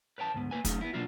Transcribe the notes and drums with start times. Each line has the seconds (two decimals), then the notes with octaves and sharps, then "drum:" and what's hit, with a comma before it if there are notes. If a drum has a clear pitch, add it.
0.18 B4 C#5 G5 A5
0.34 D2 G#2 B3
0.51 A#3 C#4 B4 G#5
0.65 F#3 A3 C#4 D#4 G#4, drum: kick, hi-hat
0.81 B3 E4
0.93 B2 F#3 A#3 D4 F4 F#4